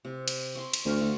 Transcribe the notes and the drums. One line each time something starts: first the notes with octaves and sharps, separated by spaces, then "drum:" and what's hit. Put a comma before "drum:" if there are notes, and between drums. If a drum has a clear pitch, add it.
C3
drum: cymbal
C6 C#6
drum: cymbal
D2 C5 F5 C#6
A3 F#4 A4